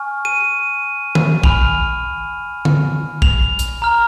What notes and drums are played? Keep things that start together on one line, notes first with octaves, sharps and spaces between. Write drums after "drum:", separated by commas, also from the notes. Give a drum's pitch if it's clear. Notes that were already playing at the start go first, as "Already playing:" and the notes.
Already playing: G#5 C#6 F6
D#7
drum: tom D#3
G#5 B5 F6 F7, drum: kick
drum: tom D3
F7, drum: kick
drum: hi-hat
A#5 F6